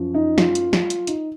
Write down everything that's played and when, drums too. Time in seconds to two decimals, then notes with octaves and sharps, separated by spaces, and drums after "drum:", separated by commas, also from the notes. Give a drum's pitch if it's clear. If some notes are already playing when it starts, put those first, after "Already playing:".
Already playing: F#2 F3
0.14 D#4
0.38 F4, drum: snare
0.55 drum: hi-hat
0.73 F4, drum: snare
0.90 drum: hi-hat
1.07 D#4, drum: hi-hat